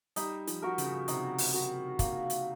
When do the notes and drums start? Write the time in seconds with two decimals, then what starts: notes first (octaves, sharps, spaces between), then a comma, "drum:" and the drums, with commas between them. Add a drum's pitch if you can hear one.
0.16 G3 D#4, drum: hi-hat
0.47 F3, drum: hi-hat
0.62 F#4 A#4
0.78 C#3, drum: hi-hat
1.08 C3 D#4, drum: hi-hat
1.38 drum: open hi-hat
1.54 F#4 A#4
1.99 A#3, drum: kick, hi-hat
2.30 drum: hi-hat